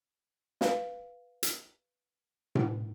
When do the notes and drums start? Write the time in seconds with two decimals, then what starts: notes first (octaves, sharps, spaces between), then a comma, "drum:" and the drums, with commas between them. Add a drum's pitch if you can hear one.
0.61 B4 F5, drum: snare
1.43 drum: hi-hat
2.55 drum: tom A2